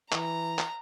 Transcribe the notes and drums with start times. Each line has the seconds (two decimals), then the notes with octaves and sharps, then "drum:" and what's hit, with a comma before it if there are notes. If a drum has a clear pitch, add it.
0.12 E3 A#5, drum: clap
0.58 drum: clap